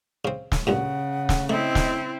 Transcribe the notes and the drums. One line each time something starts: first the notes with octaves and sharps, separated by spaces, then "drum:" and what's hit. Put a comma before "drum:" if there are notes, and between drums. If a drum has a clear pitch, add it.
C#3 C4
drum: snare
D2 G2 A#2 C#3 F#5
drum: snare
A3 C4 E4 D#5
drum: snare